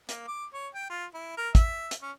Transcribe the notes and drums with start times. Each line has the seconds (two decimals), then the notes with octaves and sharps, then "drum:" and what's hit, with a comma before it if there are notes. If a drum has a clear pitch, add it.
0.09 A#3, drum: hi-hat
0.28 D6
0.53 C#5
0.74 G5
0.90 F4
1.14 E4
1.37 A#4
1.55 E5, drum: kick, hi-hat
1.91 drum: hi-hat
2.02 C#4